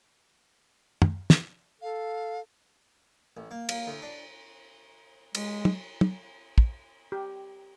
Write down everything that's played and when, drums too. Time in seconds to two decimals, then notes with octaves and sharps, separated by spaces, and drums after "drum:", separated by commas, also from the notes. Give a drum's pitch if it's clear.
1.02 drum: tom
1.30 drum: snare
1.82 A4 F5
3.37 A1
3.51 A#3
3.69 A#3, drum: cymbal
3.87 D2
4.02 D4
5.35 G#3, drum: cymbal
5.65 drum: tom
6.01 drum: tom
6.58 drum: kick
7.12 G4